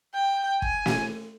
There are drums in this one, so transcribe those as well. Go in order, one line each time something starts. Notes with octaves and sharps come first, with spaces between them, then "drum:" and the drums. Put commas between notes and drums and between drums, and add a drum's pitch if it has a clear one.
G5
G#5, drum: kick
drum: snare